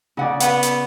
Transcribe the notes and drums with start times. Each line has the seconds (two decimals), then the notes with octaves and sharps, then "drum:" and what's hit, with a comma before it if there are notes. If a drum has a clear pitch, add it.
0.17 C#3 D#4 D5 F#5
0.40 B3 F#5, drum: hi-hat
0.63 drum: hi-hat